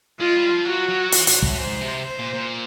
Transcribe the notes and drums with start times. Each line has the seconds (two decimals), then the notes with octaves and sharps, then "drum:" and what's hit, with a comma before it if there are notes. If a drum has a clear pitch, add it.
0.20 G#3 F4
0.36 G3
0.51 F3
0.66 F#3 F#4
0.89 F#3
1.12 E3, drum: hi-hat
1.27 A#2, drum: hi-hat
1.43 A2, drum: kick
1.57 G#2 C5
1.81 C3
2.04 C5
2.19 A#2
2.34 A#2